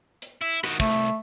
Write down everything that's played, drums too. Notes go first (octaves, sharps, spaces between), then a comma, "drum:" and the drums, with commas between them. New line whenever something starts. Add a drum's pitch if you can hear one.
drum: hi-hat
E4
D#3 F#4, drum: rim click
C2 A3, drum: kick, hi-hat
drum: hi-hat
drum: hi-hat